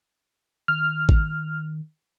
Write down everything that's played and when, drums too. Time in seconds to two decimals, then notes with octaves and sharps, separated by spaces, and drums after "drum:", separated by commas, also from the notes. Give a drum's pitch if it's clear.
0.68 D#3 F6
1.09 drum: kick G#1